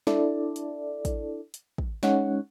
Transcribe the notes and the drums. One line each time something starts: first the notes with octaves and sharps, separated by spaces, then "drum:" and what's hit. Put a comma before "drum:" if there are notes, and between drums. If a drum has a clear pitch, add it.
D4 E4 A4 D5, drum: snare
drum: hi-hat
drum: kick, hi-hat
drum: hi-hat
drum: kick
G#3 C#4 D#4 C#5 F#5, drum: snare